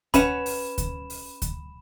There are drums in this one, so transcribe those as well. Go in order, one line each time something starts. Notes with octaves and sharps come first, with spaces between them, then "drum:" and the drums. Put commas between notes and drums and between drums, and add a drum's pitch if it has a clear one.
C#4 B4 F#5 B5 E7, drum: kick D2, hi-hat
drum: open hi-hat
drum: kick D2, hi-hat
drum: open hi-hat
drum: kick D2, hi-hat